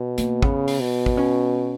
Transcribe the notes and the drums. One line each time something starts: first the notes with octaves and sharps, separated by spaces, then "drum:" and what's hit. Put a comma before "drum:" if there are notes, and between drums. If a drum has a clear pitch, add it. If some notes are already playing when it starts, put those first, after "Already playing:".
Already playing: B2
A#3, drum: hi-hat
C#3 B3, drum: kick
drum: open hi-hat
B2
drum: kick
C#4